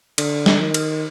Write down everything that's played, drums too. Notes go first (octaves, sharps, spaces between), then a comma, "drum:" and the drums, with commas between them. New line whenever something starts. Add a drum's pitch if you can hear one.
D3, drum: cymbal
drum: snare
D#3
drum: cymbal